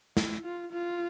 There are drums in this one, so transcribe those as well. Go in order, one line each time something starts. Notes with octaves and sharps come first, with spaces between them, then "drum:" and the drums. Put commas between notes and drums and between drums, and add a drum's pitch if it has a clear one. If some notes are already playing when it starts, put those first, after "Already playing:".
E4, drum: snare
F4
F4